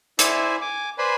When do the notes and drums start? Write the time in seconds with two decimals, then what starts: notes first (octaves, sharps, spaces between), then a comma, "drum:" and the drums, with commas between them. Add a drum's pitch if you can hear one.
0.19 E4 C5 D5 E5 G#5, drum: hi-hat
0.62 G#5 D6
0.98 B4 C5 D5 G#5 B5 C6